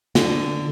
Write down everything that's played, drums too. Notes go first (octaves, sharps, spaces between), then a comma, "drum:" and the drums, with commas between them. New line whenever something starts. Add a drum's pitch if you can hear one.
D3, drum: snare